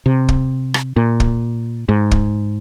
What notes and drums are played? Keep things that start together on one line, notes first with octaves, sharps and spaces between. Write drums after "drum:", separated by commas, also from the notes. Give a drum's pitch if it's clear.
C3
drum: kick
drum: rim click
A#2
drum: kick
G#2
drum: kick